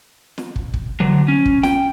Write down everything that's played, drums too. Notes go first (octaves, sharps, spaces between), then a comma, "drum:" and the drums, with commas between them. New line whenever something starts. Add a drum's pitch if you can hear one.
drum: snare
drum: kick
drum: kick
D3 F#3
C#4
drum: kick
G5, drum: snare